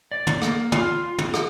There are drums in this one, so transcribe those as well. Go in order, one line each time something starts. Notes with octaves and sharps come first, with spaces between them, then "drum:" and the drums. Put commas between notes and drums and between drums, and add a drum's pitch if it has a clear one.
D5
drum: tom
A#3, drum: rim click
F4, drum: tom
drum: tom
drum: rim click